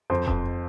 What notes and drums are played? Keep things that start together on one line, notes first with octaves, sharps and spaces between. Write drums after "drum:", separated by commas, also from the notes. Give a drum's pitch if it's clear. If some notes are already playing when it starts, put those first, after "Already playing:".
F2 C5
F2, drum: kick E1